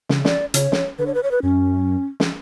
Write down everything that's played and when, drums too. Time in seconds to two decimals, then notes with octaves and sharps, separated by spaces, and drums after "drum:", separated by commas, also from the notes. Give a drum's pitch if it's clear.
0.09 C#3, drum: snare
0.25 D5, drum: snare
0.54 C#3 C#5, drum: hi-hat
0.72 drum: snare
0.99 D3 B4
1.06 C#5
1.14 B4
1.23 C#5
1.31 B4
1.43 F#2 C#4
2.20 drum: snare